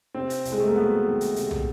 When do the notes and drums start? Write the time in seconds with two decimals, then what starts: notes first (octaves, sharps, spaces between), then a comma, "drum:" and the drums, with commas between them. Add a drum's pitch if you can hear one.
0.14 C3 C4
0.30 drum: hi-hat
0.45 C2, drum: hi-hat
0.52 G#3
0.60 A3
0.68 A#3
0.76 F#3 B3
1.06 D#3
1.21 drum: hi-hat
1.36 C3, drum: hi-hat
1.51 drum: tom